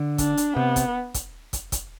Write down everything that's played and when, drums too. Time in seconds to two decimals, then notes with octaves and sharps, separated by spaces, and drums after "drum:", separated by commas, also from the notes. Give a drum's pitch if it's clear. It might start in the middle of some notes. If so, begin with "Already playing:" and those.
Already playing: D3
0.18 D4, drum: kick, hi-hat
0.37 drum: hi-hat
0.56 C3 B3
0.76 drum: kick, hi-hat
1.14 drum: kick, hi-hat
1.53 drum: kick, hi-hat
1.72 drum: kick, hi-hat